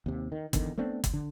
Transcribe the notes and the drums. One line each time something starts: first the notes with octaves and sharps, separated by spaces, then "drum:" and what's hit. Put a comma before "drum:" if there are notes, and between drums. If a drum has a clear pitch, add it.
D#2 C3
D#3
E2 D3 D#3, drum: kick, hi-hat
A3 B3 C4 D4
drum: kick, hi-hat
D3